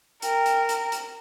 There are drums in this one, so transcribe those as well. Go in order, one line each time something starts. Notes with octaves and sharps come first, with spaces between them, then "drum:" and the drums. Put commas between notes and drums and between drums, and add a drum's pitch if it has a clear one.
A#4 G5, drum: hi-hat
drum: hi-hat
drum: hi-hat
drum: hi-hat